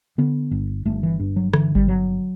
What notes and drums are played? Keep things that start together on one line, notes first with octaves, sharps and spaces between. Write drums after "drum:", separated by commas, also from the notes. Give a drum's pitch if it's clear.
D3 B3
G1
G1 A3
E3
G2
F#3
D3 E3, drum: rim click
G3, drum: kick G#1
G1 F#3